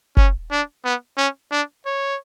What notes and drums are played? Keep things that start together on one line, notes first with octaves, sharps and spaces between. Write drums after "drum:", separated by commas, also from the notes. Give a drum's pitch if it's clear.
C#4, drum: kick F#1
D4
B3
C#4
D4
C#5